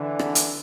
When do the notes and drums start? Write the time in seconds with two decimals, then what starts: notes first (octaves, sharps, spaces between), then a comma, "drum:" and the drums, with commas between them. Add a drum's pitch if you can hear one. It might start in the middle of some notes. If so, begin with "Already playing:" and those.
Already playing: D3 E3
0.19 drum: rim click
0.35 drum: hi-hat